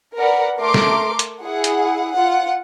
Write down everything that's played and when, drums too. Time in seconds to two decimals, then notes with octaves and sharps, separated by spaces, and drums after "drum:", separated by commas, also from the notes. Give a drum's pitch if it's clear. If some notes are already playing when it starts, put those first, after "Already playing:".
0.16 A#4 B4 D5 F#5
0.58 A3 A#4 C6 D6
0.74 drum: snare
1.19 drum: hi-hat
1.42 E4 G#4 F#5
1.64 drum: hi-hat
2.14 F4 F#5